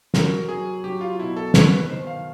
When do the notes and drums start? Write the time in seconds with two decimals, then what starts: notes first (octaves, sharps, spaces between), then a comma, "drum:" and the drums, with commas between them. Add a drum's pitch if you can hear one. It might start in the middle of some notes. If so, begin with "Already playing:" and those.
0.14 F#3 A#4, drum: snare
0.49 F#3 G#4
0.84 F#3 G4
1.01 F4
1.19 B2 E4
1.36 A4
1.54 D#3 A#4, drum: snare
1.72 B4
1.89 D#3 C5
2.07 F5